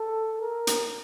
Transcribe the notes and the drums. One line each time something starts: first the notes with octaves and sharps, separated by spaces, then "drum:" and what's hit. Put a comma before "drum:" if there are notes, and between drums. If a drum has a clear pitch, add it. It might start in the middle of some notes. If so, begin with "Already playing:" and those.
Already playing: A4
A#4
drum: hi-hat